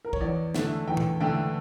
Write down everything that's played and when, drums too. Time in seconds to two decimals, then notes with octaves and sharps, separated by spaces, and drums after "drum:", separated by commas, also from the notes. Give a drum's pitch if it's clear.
0.05 A#4
0.13 C#5, drum: kick
0.21 E2 D5
0.54 D3 A3 D4 E5, drum: snare
0.88 E2 G5
0.97 drum: tom A2
1.21 D3 A3 D4 G5